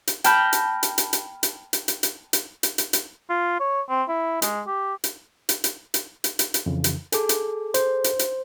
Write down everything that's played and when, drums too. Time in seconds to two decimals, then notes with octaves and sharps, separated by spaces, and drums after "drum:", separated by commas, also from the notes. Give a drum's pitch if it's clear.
0.07 drum: hi-hat
0.24 G5 A5 B5 F6 G6 A#6, drum: hi-hat
0.53 drum: hi-hat
0.83 drum: hi-hat
0.98 drum: hi-hat
1.13 drum: hi-hat
1.43 drum: hi-hat
1.73 drum: hi-hat
1.88 drum: hi-hat
2.03 drum: hi-hat
2.33 drum: hi-hat
2.63 drum: hi-hat
2.78 drum: hi-hat
2.93 drum: hi-hat
3.30 F4
3.60 C#5
3.89 C4
4.09 E4
4.42 G#3, drum: hi-hat
4.67 G4
5.04 drum: hi-hat
5.49 drum: hi-hat
5.64 drum: hi-hat
5.94 drum: hi-hat
6.24 drum: hi-hat
6.39 drum: hi-hat
6.54 drum: hi-hat
6.66 F2 C#3 E3
6.84 drum: hi-hat
7.12 G#4 A4 D6, drum: hi-hat
7.29 drum: hi-hat
7.74 C5, drum: hi-hat
8.04 drum: hi-hat
8.19 drum: hi-hat